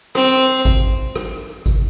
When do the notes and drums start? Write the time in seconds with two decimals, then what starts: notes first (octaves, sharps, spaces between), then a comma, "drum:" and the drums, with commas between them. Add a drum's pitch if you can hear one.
0.15 C4, drum: rim click
0.65 drum: kick G#1, tambourine
1.16 drum: rim click
1.66 drum: kick G#1, tambourine